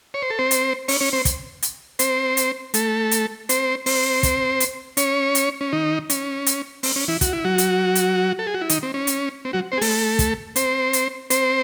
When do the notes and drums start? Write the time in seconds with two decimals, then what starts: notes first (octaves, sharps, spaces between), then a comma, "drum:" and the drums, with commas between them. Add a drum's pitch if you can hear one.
0.14 C#5
0.22 C5
0.30 A4
0.39 C4 C5
0.51 drum: hi-hat
0.88 C#4 C#5, drum: open hi-hat
1.00 C#4 C#5
1.13 C4 C5
1.25 drum: kick, hi-hat
1.62 drum: hi-hat
1.99 C4 C5, drum: hi-hat
2.37 drum: hi-hat
2.74 A3 A4, drum: hi-hat
3.11 drum: hi-hat
3.49 C4 C5, drum: hi-hat
3.86 C4 C5, drum: open hi-hat
4.23 drum: kick, hi-hat
4.60 drum: hi-hat
4.97 C#4 C#5, drum: hi-hat
5.35 drum: hi-hat
5.61 C#4
5.73 D#3 D#4
6.10 C#4, drum: hi-hat
6.46 drum: hi-hat
6.83 C4, drum: open hi-hat
6.96 C#4
7.08 E3 E4
7.21 F#4, drum: kick, hi-hat
7.33 E4
7.45 F#3 F#4
7.58 drum: hi-hat
7.95 drum: hi-hat
8.39 A4
8.47 G#4
8.54 F#4
8.61 E4
8.69 D#3 D#4, drum: hi-hat
8.83 C4
8.94 C#4
9.07 drum: hi-hat
9.45 C4
9.53 F#3 F#4
9.72 C4 C5
9.77 G#4
9.81 A3 A4, drum: open hi-hat
10.19 drum: kick, hi-hat
10.56 C4 C5, drum: hi-hat
10.93 drum: hi-hat
11.30 C4 C5, drum: hi-hat